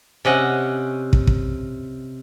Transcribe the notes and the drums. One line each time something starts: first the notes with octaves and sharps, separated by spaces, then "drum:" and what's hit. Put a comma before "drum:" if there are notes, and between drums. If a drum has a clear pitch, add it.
C3 C#4 D#5 F#5
drum: kick
drum: kick